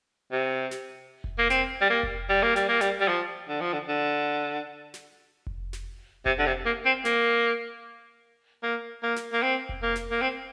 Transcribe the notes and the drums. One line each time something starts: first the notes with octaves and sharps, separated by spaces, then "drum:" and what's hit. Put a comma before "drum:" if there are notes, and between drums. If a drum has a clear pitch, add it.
C3
drum: snare
drum: kick F1
A#3
C4, drum: snare
G3
A#3
drum: kick F1
G3
A#3
G3, drum: snare
A#3
G3, drum: snare
G3
F3
D3
F3
D3
D3
drum: snare
drum: kick F1
drum: snare
C3, drum: kick F1
D3
C3
A#3
C4
A#3, drum: snare
A#3
A#3
drum: snare
A#3
C4
drum: kick F1
A#3
drum: snare
A#3
C4